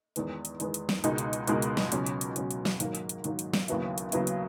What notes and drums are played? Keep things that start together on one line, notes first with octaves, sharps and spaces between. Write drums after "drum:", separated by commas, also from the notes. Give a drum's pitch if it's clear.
E2 D#3 G#3 B3, drum: hi-hat
drum: hi-hat
E2 D#3 G#3 B3, drum: hi-hat
drum: hi-hat
drum: snare
C#2 B2 G#3 D#4 A#4, drum: hi-hat
drum: hi-hat
drum: hi-hat
C#2 B2 G#3 D#4 A#4, drum: hi-hat
drum: hi-hat
drum: snare
C#2 B2 F#3 C#4, drum: hi-hat
drum: hi-hat
drum: hi-hat
C#2 B2 F#3 C#4, drum: hi-hat
drum: hi-hat
drum: snare
G#2 D#3 F#3 A#3, drum: hi-hat
drum: hi-hat
drum: hi-hat
G#2 D#3 F#3 A#3, drum: hi-hat
drum: hi-hat
drum: snare
D#2 C#3 F#3 B3 E4, drum: hi-hat
drum: hi-hat
D#2 C#3 F#3 B3 E4, drum: hi-hat
drum: hi-hat